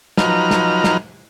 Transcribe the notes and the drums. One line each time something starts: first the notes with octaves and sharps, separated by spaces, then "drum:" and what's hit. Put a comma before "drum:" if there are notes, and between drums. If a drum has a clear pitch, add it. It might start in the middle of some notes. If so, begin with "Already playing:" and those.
F3 F#3 D#4 B4 A#5 F6, drum: snare
drum: snare
drum: snare